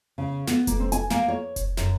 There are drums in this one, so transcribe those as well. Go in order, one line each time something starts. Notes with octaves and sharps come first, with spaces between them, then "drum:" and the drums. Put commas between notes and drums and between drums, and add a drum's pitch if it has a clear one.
C#3
B3, drum: snare
A#3, drum: kick F1, hi-hat
C4
G#5, drum: hi-hat
A#3, drum: snare
C#5
drum: kick F1, hi-hat
F#2, drum: snare